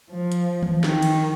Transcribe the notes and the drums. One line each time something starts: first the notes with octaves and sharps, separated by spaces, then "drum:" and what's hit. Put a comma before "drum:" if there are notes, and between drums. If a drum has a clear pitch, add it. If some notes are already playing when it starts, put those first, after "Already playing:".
F3
drum: hi-hat
drum: tom D#3
D#3, drum: snare
drum: cymbal